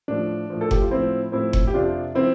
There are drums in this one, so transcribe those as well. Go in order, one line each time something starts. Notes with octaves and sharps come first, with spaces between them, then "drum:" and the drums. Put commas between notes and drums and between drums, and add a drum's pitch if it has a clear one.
A2 F3 D4
A2 F3
A4
G4, drum: kick F#1
F4
A2 F3 C4 E4
A2 F3 C4 E4
drum: kick F#1
G4
F2 C3 F3 D4 F4
C3 F3 C4 E4